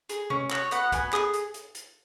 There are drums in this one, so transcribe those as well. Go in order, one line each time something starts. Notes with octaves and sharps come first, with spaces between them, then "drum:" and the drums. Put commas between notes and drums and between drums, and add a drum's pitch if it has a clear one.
G#4, drum: hi-hat
C#4, drum: tom C3
F#4 C#5, drum: clap
B3 F#5, drum: hi-hat
B3 G#5, drum: kick, hi-hat
G#4 D#6, drum: clap
drum: hi-hat
drum: hi-hat
drum: hi-hat